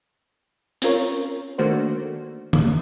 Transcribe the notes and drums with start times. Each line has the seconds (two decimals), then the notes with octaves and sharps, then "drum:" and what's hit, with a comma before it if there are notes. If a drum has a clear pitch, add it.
0.82 C4 C#4 F4 A#4 C#5, drum: hi-hat
1.58 D#3 A3 A#3 D4 F#4 C5
2.53 drum: tom